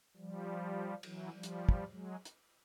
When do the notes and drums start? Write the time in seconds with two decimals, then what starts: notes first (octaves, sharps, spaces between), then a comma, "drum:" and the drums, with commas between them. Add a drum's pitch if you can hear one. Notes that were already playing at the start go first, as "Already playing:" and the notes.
0.17 F3 G3
1.03 E3 F#3, drum: cymbal
1.32 F3 G3
1.43 drum: hi-hat
1.69 drum: kick
1.90 F#3 G#3
2.25 drum: hi-hat